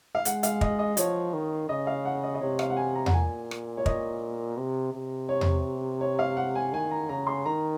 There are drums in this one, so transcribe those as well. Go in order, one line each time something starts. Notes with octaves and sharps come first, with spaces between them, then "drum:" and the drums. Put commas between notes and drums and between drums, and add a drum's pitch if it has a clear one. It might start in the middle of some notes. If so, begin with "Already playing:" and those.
F5
G#3 F#5, drum: hi-hat
F5, drum: hi-hat
D#5, drum: kick
D#5
F3 C#5, drum: hi-hat
D#3
C#3 D#5
F5
F#5
D#5
D#5
C3 C#5
F5, drum: rim click
F#5
G#5
A#5
F#5, drum: tom E2
A#2 G#5
drum: rim click
C#5
D#5, drum: kick
C3
C3
C#5
drum: tom E2
C#5
F5
F#5
G#5
D#3 G#5
A#5
C#3 A#5
C6
D#3 A#5